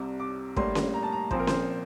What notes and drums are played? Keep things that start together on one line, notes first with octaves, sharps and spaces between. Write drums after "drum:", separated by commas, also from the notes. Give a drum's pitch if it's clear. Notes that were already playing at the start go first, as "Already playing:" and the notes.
Already playing: C2 C3 G3 D6
D6
A2 G3 A#3 D4 C6, drum: kick
drum: snare C#4
A#5
A5
A#5
A#2 F3 C4 C5, drum: kick
A#4
C5, drum: snare C#4